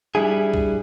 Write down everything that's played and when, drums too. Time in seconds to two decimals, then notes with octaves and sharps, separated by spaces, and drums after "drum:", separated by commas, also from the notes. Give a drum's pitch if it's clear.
0.15 G3 D4 E4 G#4
0.54 drum: kick B1